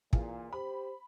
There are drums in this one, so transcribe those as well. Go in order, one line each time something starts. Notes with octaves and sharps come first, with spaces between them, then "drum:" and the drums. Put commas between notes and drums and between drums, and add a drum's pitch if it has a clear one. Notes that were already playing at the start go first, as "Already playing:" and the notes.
A#2 E3 F4 G#4, drum: kick
G4 C5 B5